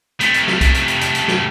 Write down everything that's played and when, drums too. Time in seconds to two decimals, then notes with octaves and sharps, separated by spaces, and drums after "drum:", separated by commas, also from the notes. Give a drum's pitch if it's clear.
0.21 C3 A3, drum: hi-hat
0.34 drum: hi-hat
0.48 drum: snare
0.61 drum: kick, hi-hat
0.74 drum: hi-hat
0.88 drum: hi-hat
1.01 drum: hi-hat
1.15 drum: hi-hat
1.28 drum: snare